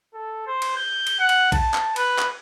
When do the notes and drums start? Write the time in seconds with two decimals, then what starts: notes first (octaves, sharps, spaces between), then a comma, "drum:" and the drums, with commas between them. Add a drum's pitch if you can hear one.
0.14 A4
0.47 C5
0.62 drum: cymbal
0.76 G6
1.07 drum: cymbal
1.19 F#5
1.29 drum: cymbal
1.52 A5, drum: kick A#1, cymbal
1.74 drum: clap
1.96 B4, drum: cymbal
2.19 drum: clap